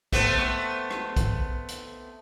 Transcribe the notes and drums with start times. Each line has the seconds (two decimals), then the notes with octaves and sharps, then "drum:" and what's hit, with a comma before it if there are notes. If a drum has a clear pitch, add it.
0.13 A3 B3 C4, drum: kick B1, hi-hat
0.39 drum: rim click
0.90 drum: rim click
1.16 drum: kick B1, hi-hat
1.68 drum: hi-hat